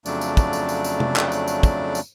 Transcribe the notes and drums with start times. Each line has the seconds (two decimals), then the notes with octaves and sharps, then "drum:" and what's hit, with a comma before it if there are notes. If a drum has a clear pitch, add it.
0.06 F2 C#3 F#3 A3 D4 D5, drum: tambourine
0.21 drum: tambourine
0.37 drum: kick, tambourine
0.53 drum: tambourine
0.69 drum: tambourine
0.84 drum: tambourine
1.00 drum: tom C3
1.16 drum: clap
1.32 drum: tambourine
1.48 drum: tambourine
1.63 drum: kick, tambourine
1.95 drum: tambourine